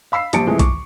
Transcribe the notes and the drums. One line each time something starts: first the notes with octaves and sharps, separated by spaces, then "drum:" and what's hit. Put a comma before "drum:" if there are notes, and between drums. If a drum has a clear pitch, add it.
F5 B5 E6 C7
A#1 F3 G3 A5 C#7 D7, drum: hi-hat
C3 E3 F3 G#3 A3 E4
C#6 D6, drum: kick, hi-hat